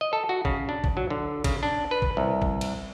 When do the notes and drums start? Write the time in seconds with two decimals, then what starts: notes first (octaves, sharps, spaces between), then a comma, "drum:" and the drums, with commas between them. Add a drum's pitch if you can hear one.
0.01 D#5
0.13 A4
0.29 F#4
0.45 C#3, drum: kick A1
0.69 D4
0.84 drum: kick A1
0.97 F#3
1.10 D3
1.44 C#3, drum: kick A1, cymbal
1.63 D4
1.91 B4
2.02 drum: kick A1
2.17 C2
2.42 drum: kick A1
2.61 drum: cymbal